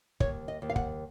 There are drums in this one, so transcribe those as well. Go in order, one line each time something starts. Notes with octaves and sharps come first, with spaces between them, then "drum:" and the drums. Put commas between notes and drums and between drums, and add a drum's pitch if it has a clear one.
D#2 C#5, drum: kick
D#5
D#2
F5
F#5, drum: kick